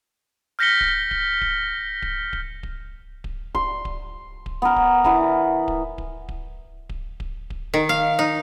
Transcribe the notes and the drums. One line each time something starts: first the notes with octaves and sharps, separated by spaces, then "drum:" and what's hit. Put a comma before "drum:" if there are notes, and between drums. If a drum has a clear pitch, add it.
F6 G6 A#6 B6 C#7 G7
drum: kick D1
drum: kick D1
drum: kick D1
drum: kick D1
drum: kick D1
drum: kick D1
drum: kick D1
C6, drum: kick D1
drum: kick D1
drum: kick D1
B3 A#4
drum: kick D1
E3 B3 A#5, drum: kick D1
drum: kick D1
drum: kick D1
drum: kick D1
drum: kick D1
drum: kick D1
drum: kick D1
D#3
F5
D#4